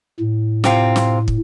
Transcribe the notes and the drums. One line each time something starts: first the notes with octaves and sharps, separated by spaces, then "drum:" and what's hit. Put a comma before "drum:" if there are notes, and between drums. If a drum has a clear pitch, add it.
A2
C3 C4 F4, drum: snare
drum: snare
drum: kick